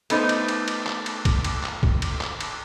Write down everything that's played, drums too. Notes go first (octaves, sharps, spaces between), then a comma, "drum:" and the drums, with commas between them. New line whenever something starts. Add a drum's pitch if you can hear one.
A3 B3 D#4 C5, drum: cymbal
drum: cymbal
drum: cymbal
drum: cymbal
drum: clap
drum: cymbal
drum: kick, cymbal
drum: cymbal
drum: clap
drum: kick
drum: cymbal
drum: clap
drum: cymbal